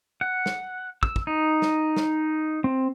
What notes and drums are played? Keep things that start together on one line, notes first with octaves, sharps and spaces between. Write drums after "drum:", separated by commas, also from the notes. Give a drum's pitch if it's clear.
F#5
drum: snare
E6, drum: kick
drum: kick
D#4
drum: snare
drum: snare
C4